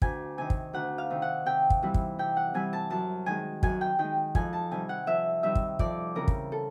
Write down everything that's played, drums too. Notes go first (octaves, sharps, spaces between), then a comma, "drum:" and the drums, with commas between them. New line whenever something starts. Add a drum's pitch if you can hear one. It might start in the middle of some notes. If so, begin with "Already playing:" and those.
D2 G#5, drum: kick
C3 D#3 G#5
drum: kick
D2 F#5
F5
C3 D#3
F#5
C3 G5
drum: kick
E3 G3 C4
drum: kick
C3 G5
F#5
E3 G3 C4 G#5
A5
F#2 A5
D#3 G#3 G#5
F#2 G#5, drum: kick
G5
D#3 G#3 G5
F2 G#5, drum: kick
A5
C3 D#3 G3 G#5
F#5
F2 E5
C3 D#3 G3 E5
drum: kick
F2 D5, drum: kick
C#3 E3 G3 C4 A#4
drum: kick
A4